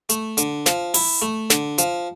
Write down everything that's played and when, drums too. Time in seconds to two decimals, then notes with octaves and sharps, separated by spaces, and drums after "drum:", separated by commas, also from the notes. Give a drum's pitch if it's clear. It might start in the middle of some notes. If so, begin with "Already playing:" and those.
0.09 A3, drum: hi-hat
0.37 D3, drum: hi-hat
0.66 F3, drum: snare
0.94 E4, drum: open hi-hat
1.22 A3
1.50 D3, drum: snare
1.78 F3, drum: hi-hat